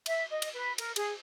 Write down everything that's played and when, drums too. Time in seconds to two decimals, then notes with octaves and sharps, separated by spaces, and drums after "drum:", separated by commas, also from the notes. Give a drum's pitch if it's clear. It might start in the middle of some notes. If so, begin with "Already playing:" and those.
0.06 E5, drum: cymbal
0.30 D#5
0.42 drum: cymbal
0.54 B4
0.78 A#4, drum: cymbal
0.96 G#4, drum: cymbal